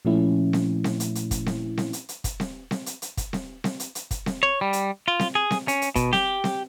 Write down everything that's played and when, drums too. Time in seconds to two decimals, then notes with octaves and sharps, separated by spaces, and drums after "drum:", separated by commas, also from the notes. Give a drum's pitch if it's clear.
0.05 A#2 F3 A3 C#4 E4
0.53 drum: snare C4
0.84 drum: snare C4
1.00 drum: hi-hat
1.15 drum: hi-hat
1.31 drum: kick, hi-hat
1.46 drum: snare C4
1.78 drum: snare C4
1.93 drum: hi-hat
2.09 drum: hi-hat
2.24 drum: kick, hi-hat
2.40 drum: snare C4
2.71 drum: snare C4
2.86 drum: hi-hat
3.02 drum: hi-hat
3.17 drum: kick, hi-hat
3.33 drum: snare C4
3.64 drum: snare C4
3.80 drum: hi-hat
3.95 drum: hi-hat
4.11 drum: kick, hi-hat
4.26 drum: snare C4
4.43 C#5
4.61 G3
4.73 drum: hi-hat
5.08 F4
5.19 drum: snare C4
5.35 G#4
5.51 drum: snare C4
5.68 C#4, drum: hi-hat
5.82 drum: hi-hat
5.96 B2, drum: kick, hi-hat
6.13 G4, drum: snare C4
6.44 drum: snare C4